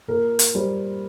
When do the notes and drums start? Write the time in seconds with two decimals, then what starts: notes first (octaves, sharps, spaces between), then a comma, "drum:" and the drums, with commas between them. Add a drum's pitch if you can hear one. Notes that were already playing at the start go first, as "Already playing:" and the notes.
0.08 A#2 A#4
0.39 drum: hi-hat
0.54 G3 C5